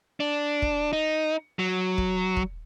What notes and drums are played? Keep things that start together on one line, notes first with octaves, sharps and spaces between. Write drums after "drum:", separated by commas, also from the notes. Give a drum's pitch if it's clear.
D4
drum: kick
D#4
F#3
drum: kick
drum: kick